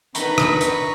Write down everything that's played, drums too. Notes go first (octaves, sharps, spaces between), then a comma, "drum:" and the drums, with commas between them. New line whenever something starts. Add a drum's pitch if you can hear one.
D#3 D4 B4 A#5 B5 C#6, drum: hi-hat
drum: rim click
drum: hi-hat